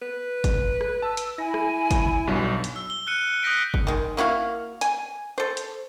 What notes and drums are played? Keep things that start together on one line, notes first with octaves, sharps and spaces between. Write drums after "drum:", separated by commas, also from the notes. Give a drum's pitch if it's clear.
B4
drum: kick G1, hi-hat
drum: rim click
A5 E6
drum: hi-hat
E4 G#5 B5 A#6
drum: rim click
drum: kick G1, hi-hat
B1 G2 F#3
drum: hi-hat
E6
G7
F6 F#6 C#7 D#7
C#7
D#6 F#6 G6 A#6 B6 D7
drum: kick G1
D#3 G#3
A#3 E4 F#4 F5
G#5, drum: hi-hat
A4 C5
drum: hi-hat